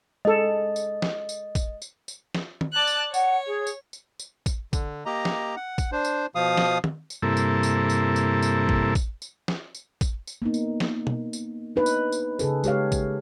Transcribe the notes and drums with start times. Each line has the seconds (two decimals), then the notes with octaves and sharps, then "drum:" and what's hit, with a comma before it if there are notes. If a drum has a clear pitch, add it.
0.25 G#3 A4 D#5
0.76 drum: tambourine
1.02 drum: snare
1.29 drum: tambourine
1.55 drum: kick A1, tambourine
1.82 drum: tambourine
2.08 drum: tambourine
2.35 drum: snare
2.61 drum: tom D#3
2.73 D5 A5 F#6
2.87 drum: tambourine
3.14 C#5 F#5, drum: tambourine
3.47 G#4
3.67 drum: tambourine
3.93 drum: tambourine
4.20 drum: tambourine
4.46 drum: kick A1, tambourine
4.73 D3, drum: kick A1, tambourine
5.06 A#3 G4 D#5 A#5
5.25 drum: snare
5.56 F#5
5.78 drum: kick A1, tambourine
5.92 D4 C5
6.05 drum: tambourine
6.35 B2 F3 F5 D#6
6.57 drum: snare
6.84 drum: tom D#3
7.10 drum: tambourine
7.22 G2 C3 A#3 E4 A4
7.37 drum: tambourine
7.63 drum: tambourine
7.90 drum: tambourine
8.16 drum: tambourine
8.42 drum: tambourine
8.69 drum: kick A1
8.95 drum: kick A1, tambourine
9.22 drum: tambourine
9.48 drum: snare
9.75 drum: tambourine
10.01 drum: kick A1, tambourine
10.27 drum: tambourine
10.42 A#3 B3 D#4
10.54 drum: tambourine
10.80 drum: snare
11.07 drum: tom B2
11.33 drum: tambourine
11.76 D4 D#4 B4
11.86 drum: tambourine
12.12 drum: tambourine
12.39 C#3 G#4 A4 B4, drum: tambourine
12.64 G#3 G4 C#5 F5, drum: tambourine
12.92 drum: kick A1, tambourine